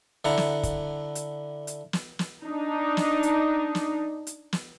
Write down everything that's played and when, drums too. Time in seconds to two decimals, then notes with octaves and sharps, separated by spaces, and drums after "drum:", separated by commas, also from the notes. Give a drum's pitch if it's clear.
0.25 D3 E4 F#5 A#5
0.37 drum: snare
0.63 drum: kick, hi-hat
1.15 drum: hi-hat
1.67 drum: hi-hat
1.93 drum: snare
2.19 drum: snare
2.45 D4 D#4
2.97 drum: snare
3.23 drum: hi-hat
3.75 drum: snare
4.27 drum: hi-hat
4.53 drum: snare